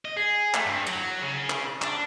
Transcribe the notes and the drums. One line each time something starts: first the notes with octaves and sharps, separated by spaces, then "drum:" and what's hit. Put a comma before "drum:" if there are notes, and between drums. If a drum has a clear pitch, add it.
D#5
G#4
A3, drum: clap
G2
F#3, drum: cymbal
C#3
drum: clap
D4, drum: clap